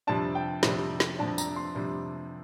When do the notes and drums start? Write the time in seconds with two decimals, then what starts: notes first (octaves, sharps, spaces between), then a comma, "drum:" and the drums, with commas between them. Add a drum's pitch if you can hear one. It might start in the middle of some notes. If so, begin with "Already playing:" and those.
0.07 F2 C3 G3 D4 A5
0.35 G5
0.63 F2 C3 G3 D4, drum: snare
1.00 drum: snare
1.19 F2 C3 G3 D4 A5
1.38 A#5, drum: tambourine
1.56 C6
1.75 F2 C3 G3 D4